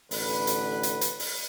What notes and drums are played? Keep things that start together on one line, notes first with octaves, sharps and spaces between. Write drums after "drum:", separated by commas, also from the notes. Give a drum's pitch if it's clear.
A1 D3 B4, drum: open hi-hat
drum: hi-hat
drum: hi-hat
drum: hi-hat
drum: open hi-hat